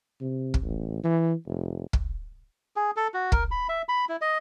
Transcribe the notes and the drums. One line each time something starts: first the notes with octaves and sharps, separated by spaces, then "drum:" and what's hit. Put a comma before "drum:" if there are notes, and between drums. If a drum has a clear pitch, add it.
C3
drum: kick
A1
E3
F1
drum: kick
G#4
A4
F#4
A#4, drum: kick
B5
E5
B5
E4
D#5